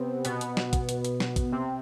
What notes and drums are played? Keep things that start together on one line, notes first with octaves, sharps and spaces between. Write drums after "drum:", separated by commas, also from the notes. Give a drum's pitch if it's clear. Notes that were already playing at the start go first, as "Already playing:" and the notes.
Already playing: C3 B3 C4
B2 B3, drum: hi-hat
drum: hi-hat
drum: snare
drum: kick, hi-hat
drum: hi-hat
drum: hi-hat
drum: snare
drum: kick, hi-hat
C3 C4